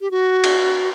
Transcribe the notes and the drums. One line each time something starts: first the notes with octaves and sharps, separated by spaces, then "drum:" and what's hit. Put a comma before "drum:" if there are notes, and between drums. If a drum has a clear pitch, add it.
G4
F#4
drum: cymbal